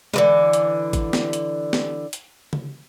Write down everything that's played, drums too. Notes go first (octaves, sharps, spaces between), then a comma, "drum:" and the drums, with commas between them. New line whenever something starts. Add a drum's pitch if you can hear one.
D3 E3 G#3, drum: tom G#3
drum: hi-hat
drum: kick, hi-hat
drum: snare
drum: hi-hat
drum: snare
drum: hi-hat
drum: tom